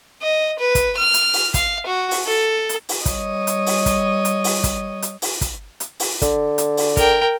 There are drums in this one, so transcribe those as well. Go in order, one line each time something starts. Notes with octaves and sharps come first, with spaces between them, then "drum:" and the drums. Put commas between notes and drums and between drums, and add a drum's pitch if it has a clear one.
D#5
B4
drum: kick, hi-hat
F6
drum: hi-hat
drum: open hi-hat
F5, drum: kick, hi-hat
F#4
drum: open hi-hat
A4
drum: hi-hat
drum: open hi-hat
G3 C#5 D#5, drum: kick, hi-hat
drum: hi-hat
drum: open hi-hat
drum: kick, hi-hat
drum: hi-hat
drum: open hi-hat
drum: kick, hi-hat
drum: hi-hat
drum: open hi-hat
drum: kick, hi-hat
drum: hi-hat
drum: open hi-hat
D3, drum: kick, hi-hat
drum: hi-hat
drum: open hi-hat
A#4 G5, drum: kick, hi-hat